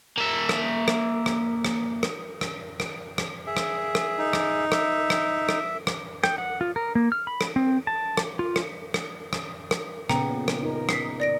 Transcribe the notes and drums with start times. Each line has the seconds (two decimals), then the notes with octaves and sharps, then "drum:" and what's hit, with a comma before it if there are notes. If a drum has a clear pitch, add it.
0.18 A#3 E5
0.49 drum: rim click
0.88 drum: rim click
1.26 drum: rim click
1.65 drum: rim click
2.03 drum: rim click
2.41 drum: rim click
2.80 drum: rim click
3.18 drum: rim click
3.47 G#4 E5
3.57 drum: rim click
3.95 drum: rim click
4.18 D#4
4.33 drum: rim click
4.72 E5, drum: rim click
5.10 drum: rim click
5.49 drum: rim click
5.87 drum: rim click
6.24 G5, drum: rim click
6.38 F#5
6.61 F4
6.76 A#4
6.95 A#3
7.12 F6
7.27 B5
7.41 drum: rim click
7.56 C4
7.87 A5
8.17 drum: rim click
8.39 F4
8.56 drum: rim click
8.94 drum: rim click
9.33 drum: rim click
9.71 drum: rim click
10.09 A#2 C#3 B3 G5 A#5, drum: rim click
10.48 drum: rim click
10.63 D#4 A#4
10.89 B6 C7, drum: rim click
11.20 D5 A#6 D7